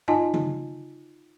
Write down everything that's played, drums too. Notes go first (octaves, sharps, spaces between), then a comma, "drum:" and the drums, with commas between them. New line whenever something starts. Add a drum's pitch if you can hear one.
D#4 F4 D#5 G#5 A5, drum: tom G2
drum: tom C#3